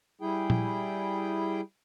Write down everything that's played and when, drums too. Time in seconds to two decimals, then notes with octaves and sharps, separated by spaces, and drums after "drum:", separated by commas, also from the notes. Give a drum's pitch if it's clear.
0.21 G3 E4 G#4 G5
0.50 drum: tom A#2